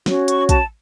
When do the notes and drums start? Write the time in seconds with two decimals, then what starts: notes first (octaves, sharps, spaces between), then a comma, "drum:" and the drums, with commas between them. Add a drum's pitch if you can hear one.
0.06 C#4 F#4 C#5, drum: snare
0.28 C#6, drum: hi-hat
0.49 A5, drum: kick, hi-hat